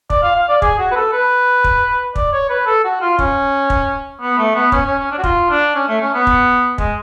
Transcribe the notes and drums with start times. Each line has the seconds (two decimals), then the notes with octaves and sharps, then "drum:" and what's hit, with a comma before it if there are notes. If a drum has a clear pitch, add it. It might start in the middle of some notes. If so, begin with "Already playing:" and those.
0.10 D5, drum: kick
0.23 F5
0.36 F5
0.49 D5
0.62 G#4, drum: kick
0.79 F#4
0.91 B4
0.96 A4
1.12 B4
1.64 drum: kick
2.16 D5, drum: kick
2.33 C#5
2.49 B4
2.66 A4
2.85 F#4
3.01 F4
3.19 C#4, drum: kick
3.70 drum: kick
4.21 B3
4.38 A3
4.55 B3
4.72 C#4, drum: kick
4.86 C#4
4.99 C#4
5.11 D4
5.19 F#4
5.24 F4, drum: kick
5.50 D4
5.75 C#4
5.88 A3
6.01 C#4
6.14 B3
6.27 drum: kick
6.78 G#3, drum: kick